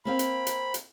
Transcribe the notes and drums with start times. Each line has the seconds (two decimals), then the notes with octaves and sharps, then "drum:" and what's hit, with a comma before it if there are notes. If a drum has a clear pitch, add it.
0.05 A#3 C4 F5 B5
0.19 drum: hi-hat
0.47 drum: hi-hat
0.74 drum: hi-hat